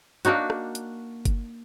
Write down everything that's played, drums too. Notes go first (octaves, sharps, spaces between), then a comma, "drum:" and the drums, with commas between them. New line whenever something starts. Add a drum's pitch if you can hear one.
A#3 D4 D#4 F#4, drum: hi-hat
drum: rim click
drum: hi-hat
drum: kick G1, hi-hat